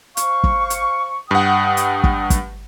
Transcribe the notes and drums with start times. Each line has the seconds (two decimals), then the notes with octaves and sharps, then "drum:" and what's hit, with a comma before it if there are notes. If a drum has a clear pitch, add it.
0.17 C5 F5 C#6, drum: hi-hat
0.44 drum: kick
0.70 drum: hi-hat
1.31 G2 F#5 G5 D#6
1.77 drum: hi-hat
2.04 drum: kick
2.30 drum: kick, hi-hat